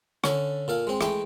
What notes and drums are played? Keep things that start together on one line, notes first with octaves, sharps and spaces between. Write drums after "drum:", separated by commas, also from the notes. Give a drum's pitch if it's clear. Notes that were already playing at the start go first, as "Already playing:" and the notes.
D3 C#4 A4, drum: rim click
A#2 A4 F5
G#3 C4
E3 G#3 A3 G5, drum: rim click